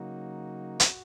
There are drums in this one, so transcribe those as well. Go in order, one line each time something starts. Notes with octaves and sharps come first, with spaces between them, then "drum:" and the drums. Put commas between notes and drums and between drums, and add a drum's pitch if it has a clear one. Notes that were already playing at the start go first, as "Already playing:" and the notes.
Already playing: C#3 F#3 A#3 D#4 F#4
drum: hi-hat